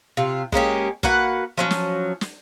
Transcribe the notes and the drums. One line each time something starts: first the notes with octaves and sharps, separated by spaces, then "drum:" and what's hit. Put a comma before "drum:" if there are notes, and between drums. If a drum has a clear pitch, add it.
C3 F4
G#3 A#3 C#4 G4, drum: kick
A#3 F#4 B4 F#5, drum: kick
F3 F#3 C#4
drum: snare
drum: snare